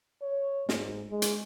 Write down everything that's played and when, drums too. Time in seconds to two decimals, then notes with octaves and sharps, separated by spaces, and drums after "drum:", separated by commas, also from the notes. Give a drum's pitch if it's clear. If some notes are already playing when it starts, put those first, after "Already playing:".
0.22 C#5
0.69 G#2, drum: snare
1.11 G#3
1.22 drum: hi-hat